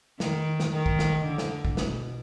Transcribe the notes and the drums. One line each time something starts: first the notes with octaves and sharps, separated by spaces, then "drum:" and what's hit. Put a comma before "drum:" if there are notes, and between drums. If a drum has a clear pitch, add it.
D#3, drum: snare
drum: snare
D#3
drum: kick
drum: snare
D3
drum: snare
drum: kick
B2, drum: snare